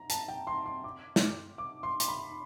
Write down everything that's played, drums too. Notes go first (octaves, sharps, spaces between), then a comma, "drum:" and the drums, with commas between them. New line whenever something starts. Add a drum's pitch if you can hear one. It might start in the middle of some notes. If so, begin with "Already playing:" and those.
Already playing: A#5
A5, drum: hi-hat
G5
C6
C6
D6
drum: snare
D6
C6
C6, drum: hi-hat
B5